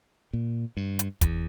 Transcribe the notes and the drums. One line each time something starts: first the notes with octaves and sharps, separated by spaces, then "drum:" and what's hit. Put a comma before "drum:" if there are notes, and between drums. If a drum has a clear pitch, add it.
A#2
G2
drum: hi-hat
E2, drum: kick, hi-hat